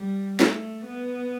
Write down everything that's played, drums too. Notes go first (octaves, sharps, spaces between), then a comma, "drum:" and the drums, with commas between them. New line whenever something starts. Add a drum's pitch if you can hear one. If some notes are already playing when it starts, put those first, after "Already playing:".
Already playing: G3
A3, drum: snare
B3